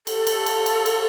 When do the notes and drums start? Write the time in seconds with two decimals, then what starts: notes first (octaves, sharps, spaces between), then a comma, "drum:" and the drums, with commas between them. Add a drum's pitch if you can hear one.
0.07 A4, drum: cymbal
0.27 drum: cymbal
0.46 drum: cymbal
0.66 drum: cymbal
0.86 drum: cymbal